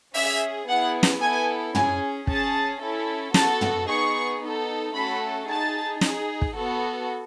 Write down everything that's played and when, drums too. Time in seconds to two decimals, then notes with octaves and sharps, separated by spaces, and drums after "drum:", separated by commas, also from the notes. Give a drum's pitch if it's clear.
0.14 C#4 G#4 E5, drum: open hi-hat
0.68 B3 E4 G#4 F#5
1.03 drum: snare
1.21 B3 E4 A4 G#5
1.75 C#4 G#4 G#5, drum: tom
2.27 C#4 G#4 A5, drum: kick
2.81 C#4 E4 A4
3.34 B3 F#4 A4 A5, drum: snare
3.61 drum: tom
3.88 B3 D#4 G#4 C#6
4.41 B3 D#4 A4
4.94 A3 C#4 F#4 A4 B5
5.47 D#4 G#4 A5
6.01 D#4 G#4, drum: snare
6.42 drum: kick
6.54 B3 F#4 A4